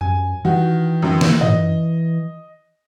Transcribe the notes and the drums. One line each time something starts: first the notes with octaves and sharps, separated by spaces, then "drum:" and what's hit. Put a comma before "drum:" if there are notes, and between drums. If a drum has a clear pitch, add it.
F#2 G#5
D#3 E3 F#4
F#2 D#3
drum: snare
D#5, drum: tom